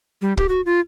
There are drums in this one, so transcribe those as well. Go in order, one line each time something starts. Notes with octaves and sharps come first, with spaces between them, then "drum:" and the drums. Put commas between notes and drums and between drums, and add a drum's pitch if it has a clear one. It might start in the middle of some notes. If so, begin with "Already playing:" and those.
G3
G4, drum: kick
F#4
F4